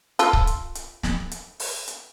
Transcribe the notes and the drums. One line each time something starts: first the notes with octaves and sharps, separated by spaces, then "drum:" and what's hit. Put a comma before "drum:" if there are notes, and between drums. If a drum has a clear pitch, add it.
F4 A4, drum: hi-hat
drum: kick C#1
drum: hi-hat
drum: hi-hat
drum: snare
drum: hi-hat
drum: open hi-hat
drum: hi-hat